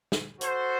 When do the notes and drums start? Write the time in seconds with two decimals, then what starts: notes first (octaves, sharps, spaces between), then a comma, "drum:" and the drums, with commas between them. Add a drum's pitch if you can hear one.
0.12 drum: snare
0.41 F#4 A4 C5, drum: hi-hat